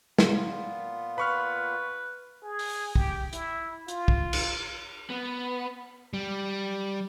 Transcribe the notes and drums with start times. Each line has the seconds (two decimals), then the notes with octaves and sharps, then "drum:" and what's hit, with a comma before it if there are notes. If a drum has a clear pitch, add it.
0.19 A#2 B3 F4, drum: snare
1.18 B4 B5 C#6 F6
2.43 G#4
2.59 drum: open hi-hat
2.96 G4, drum: kick
3.33 E4, drum: hi-hat
3.88 F4, drum: hi-hat
4.08 drum: kick
4.33 drum: cymbal
5.10 B3
6.14 G3